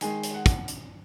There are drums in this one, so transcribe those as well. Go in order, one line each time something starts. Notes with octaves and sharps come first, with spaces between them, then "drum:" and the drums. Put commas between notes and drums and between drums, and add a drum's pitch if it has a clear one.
D#3 G#3 G#5, drum: hi-hat
drum: hi-hat
F#5
drum: kick, hi-hat
drum: hi-hat